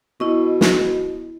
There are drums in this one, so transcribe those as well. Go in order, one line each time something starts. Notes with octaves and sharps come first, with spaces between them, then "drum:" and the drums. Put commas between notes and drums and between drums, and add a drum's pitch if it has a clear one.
B2 E4 D#5 C#6
drum: snare